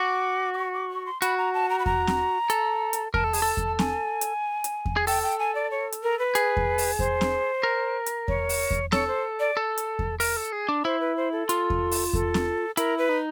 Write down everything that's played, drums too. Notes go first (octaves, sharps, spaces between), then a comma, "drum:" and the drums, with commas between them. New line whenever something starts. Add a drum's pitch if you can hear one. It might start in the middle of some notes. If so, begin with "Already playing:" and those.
Already playing: F#4 D6
D6
C#6
D6
C#6
C6
F#4 B5, drum: hi-hat
A#5
A5
A#5
B5
A#5, drum: kick E2
drum: snare C4
A4, drum: hi-hat
drum: hi-hat
A#4 A5, drum: kick E2
A4
G#4, drum: open hi-hat
A4
drum: kick E2
G#5, drum: snare C4
drum: hi-hat
drum: hi-hat
drum: kick E2
G#4
A4 G5, drum: open hi-hat
G5
G#5
D5
C#5
drum: hi-hat
A#4
B4
G#4, drum: hi-hat
drum: kick E2
drum: open hi-hat
C5, drum: kick E2
drum: snare C4
A#4
drum: hi-hat
C#5, drum: kick E2
drum: open hi-hat
drum: kick E2
A4 C#5, drum: snare C4
C5
D5
A4
drum: hi-hat
drum: kick E2
A#4, drum: open hi-hat
A4
G#4
D4
E4 C5
B4
C5
A4
F4, drum: hi-hat
drum: kick E2
drum: open hi-hat
A4, drum: kick E2
drum: snare C4
E4 A#4, drum: hi-hat
B4
D#4